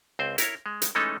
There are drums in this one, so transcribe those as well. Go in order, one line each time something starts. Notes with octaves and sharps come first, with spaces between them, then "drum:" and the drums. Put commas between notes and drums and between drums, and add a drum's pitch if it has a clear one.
C#2 C4 C5
E4 A#4 C#5, drum: hi-hat
G#3
drum: hi-hat
E3 G#3 A3 C#4 D#4 A4